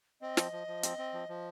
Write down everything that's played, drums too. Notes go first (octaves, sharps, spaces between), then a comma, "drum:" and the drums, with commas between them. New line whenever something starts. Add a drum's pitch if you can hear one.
C4 D#5
F3, drum: snare
F3
F3
C4, drum: hi-hat
C4
F3
F3